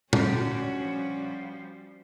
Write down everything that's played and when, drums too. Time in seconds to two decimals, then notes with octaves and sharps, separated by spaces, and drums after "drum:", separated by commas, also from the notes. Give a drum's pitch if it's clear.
0.13 D3 C#4 F#4 G4, drum: tom A#2
0.78 F3 G3